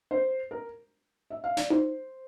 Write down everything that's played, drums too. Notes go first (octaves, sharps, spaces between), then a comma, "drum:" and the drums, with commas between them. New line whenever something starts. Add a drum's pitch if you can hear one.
C5
A#4
E5
F5
D5, drum: snare
C5, drum: tom D#4